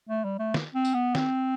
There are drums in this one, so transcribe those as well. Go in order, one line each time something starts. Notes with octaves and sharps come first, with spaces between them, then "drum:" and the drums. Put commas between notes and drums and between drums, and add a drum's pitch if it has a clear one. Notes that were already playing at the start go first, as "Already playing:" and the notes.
A3
G3
A3
drum: snare
C4
drum: tambourine
B3
C4, drum: snare